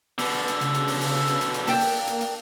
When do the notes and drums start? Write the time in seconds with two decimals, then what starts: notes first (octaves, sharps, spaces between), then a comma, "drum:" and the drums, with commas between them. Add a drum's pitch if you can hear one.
0.18 B2 D3 B3, drum: open hi-hat
0.48 drum: hi-hat
0.61 C#3, drum: hi-hat
0.74 drum: hi-hat
0.88 drum: open hi-hat
1.01 drum: open hi-hat
1.27 drum: hi-hat
1.41 drum: hi-hat
1.54 drum: hi-hat
1.67 A#3 D4 G5 A5, drum: open hi-hat
1.81 drum: open hi-hat
2.07 drum: hi-hat
2.21 drum: hi-hat